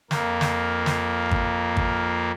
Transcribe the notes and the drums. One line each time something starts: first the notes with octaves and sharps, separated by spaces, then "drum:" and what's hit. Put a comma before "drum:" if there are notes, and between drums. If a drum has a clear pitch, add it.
F2 A#3, drum: snare
drum: snare
drum: snare
drum: kick
drum: kick